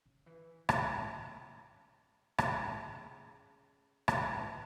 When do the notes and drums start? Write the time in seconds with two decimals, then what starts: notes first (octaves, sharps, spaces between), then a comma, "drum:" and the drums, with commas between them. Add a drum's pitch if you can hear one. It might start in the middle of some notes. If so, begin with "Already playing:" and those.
0.06 C#3
0.26 E3
0.69 E3, drum: rim click
0.91 C#3
2.38 drum: rim click
2.51 B2
2.60 C#3
4.08 drum: rim click
4.29 E3